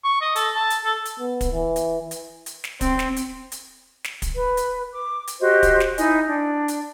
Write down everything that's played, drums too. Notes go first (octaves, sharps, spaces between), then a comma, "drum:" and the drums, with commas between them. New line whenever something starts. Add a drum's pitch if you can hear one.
C#6
D#5
A4, drum: hi-hat
A5
drum: hi-hat
A4
drum: hi-hat
B3
drum: kick, hi-hat
E3
drum: hi-hat
drum: hi-hat
drum: hi-hat
drum: snare
C4, drum: kick, hi-hat
drum: snare
drum: hi-hat
drum: hi-hat
drum: snare
drum: kick, hi-hat
B4
drum: hi-hat
D6
drum: hi-hat
F#4 G4 C5 D#5
drum: kick, hi-hat
drum: snare
D#4 E4 D#5 G#5, drum: hi-hat
D4
drum: hi-hat